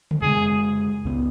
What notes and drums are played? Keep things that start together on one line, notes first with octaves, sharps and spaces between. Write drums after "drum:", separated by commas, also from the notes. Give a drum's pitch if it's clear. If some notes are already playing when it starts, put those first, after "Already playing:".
drum: tom C#3
F#2 C#3 G#3 G#4
C#2 C#3 B3